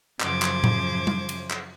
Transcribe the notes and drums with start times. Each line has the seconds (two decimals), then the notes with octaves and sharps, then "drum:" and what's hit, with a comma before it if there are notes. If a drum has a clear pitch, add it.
0.20 F#2 C#3 F3 C5 D6 G#6, drum: clap
0.42 drum: clap
0.64 drum: tom A2
1.07 drum: tom G3
1.29 drum: cymbal
1.51 drum: clap